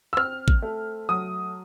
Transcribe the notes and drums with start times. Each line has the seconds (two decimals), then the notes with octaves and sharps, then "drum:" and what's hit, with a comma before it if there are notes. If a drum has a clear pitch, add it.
0.13 E6
0.17 C4 F6, drum: rim click
0.48 drum: kick A1
0.62 A3
1.09 F#3 D#6